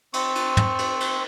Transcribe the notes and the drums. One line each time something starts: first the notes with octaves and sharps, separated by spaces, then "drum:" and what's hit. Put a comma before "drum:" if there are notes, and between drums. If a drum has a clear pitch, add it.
C4 C#6, drum: cymbal
drum: cymbal
drum: tom
drum: cymbal
drum: cymbal